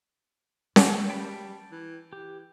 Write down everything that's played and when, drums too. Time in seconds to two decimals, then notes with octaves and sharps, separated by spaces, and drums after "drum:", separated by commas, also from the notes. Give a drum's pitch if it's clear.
0.76 F#2, drum: snare C#4
1.10 G3 G5 A5 B5
1.72 E3
2.13 E3 G4